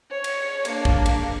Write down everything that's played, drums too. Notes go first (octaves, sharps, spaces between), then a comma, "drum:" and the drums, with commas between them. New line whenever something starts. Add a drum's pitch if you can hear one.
C#5
drum: cymbal
A#3 D4, drum: cymbal
drum: kick
drum: cymbal